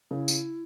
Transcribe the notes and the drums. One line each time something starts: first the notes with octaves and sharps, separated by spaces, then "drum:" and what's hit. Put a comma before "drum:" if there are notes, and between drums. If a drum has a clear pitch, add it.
C#3 E4
drum: tambourine